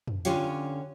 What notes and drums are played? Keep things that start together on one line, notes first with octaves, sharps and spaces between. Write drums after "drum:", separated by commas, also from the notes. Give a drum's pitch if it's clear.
drum: tom F2
D3 C#4 F4 G4 C#5 F5, drum: hi-hat